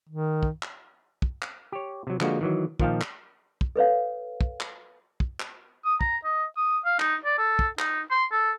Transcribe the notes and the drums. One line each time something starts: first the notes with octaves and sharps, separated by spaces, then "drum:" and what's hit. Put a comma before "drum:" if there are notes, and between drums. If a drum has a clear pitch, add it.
D#3
drum: kick
drum: clap
drum: kick
drum: clap
G4 C#5
C3 F#3
D3 F3 G#3 A#3 F#4, drum: clap
D#3 E3 F#3
A#2 D#3 F3 F5 G5 A5, drum: kick
drum: clap
drum: kick
A4 B4 C#5 F5
drum: kick
drum: clap
drum: kick
drum: clap
D#6
A#5, drum: kick
D#5
D#6
F5
D#4, drum: clap
D5
A4
drum: kick
D#4, drum: clap
C6
A4